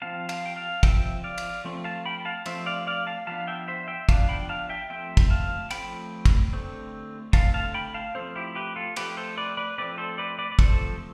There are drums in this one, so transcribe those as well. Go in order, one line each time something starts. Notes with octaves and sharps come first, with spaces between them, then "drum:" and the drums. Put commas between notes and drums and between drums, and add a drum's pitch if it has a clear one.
F3 C4 F5 A5
F5 A5, drum: cymbal
G5
F5 A5
F3 C4 E5 G5, drum: kick, cymbal
D5 F5
drum: cymbal
F3 A3 C4
F5 A5
G5 B5
F5 A5
F3 A3 C4 C5 E5, drum: cymbal
D5 F5
D5 F5
F5 A5
F3 B3 D4 F5 A5
E5 G5
C5 E5
E5 G5
F3 B3 D4 F5 A5, drum: kick, cymbal
G5 B5
F5 A5
E5 G5
F3 A3 C4 E5 G5
drum: kick, cymbal
F5 A5
F3 A3 C4 G5 B5, drum: cymbal
drum: kick, cymbal
D3 A3 C4
D3 A3 C4 F5 A5, drum: kick, cymbal
F5 A5
G5 B5
F5 A5
F3 A3 C4 A4 C5
E4 G4
G4 B4
F4 A4
F3 A3 C4 G4 B4, drum: cymbal
A4 C5
B4 D5
B4 D5
F3 A3 C4 B4 D5
A4 C5
B4 D5
B4 D5
D5
F3 A3 C4 A4 C5, drum: kick, cymbal